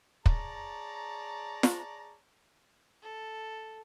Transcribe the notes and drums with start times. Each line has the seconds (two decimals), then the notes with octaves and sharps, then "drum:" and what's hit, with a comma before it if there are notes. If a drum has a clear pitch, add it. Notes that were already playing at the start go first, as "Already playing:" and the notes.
0.26 G#4 C#5 D5 A5 A#5, drum: kick
1.63 drum: snare
3.03 A4